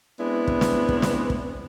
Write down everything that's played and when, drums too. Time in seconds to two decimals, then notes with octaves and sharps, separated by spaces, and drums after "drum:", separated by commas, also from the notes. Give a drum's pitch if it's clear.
0.20 G#3 B3 C4 D4 E4
0.47 drum: kick
0.61 drum: snare
0.89 drum: kick
1.02 drum: snare
1.30 drum: kick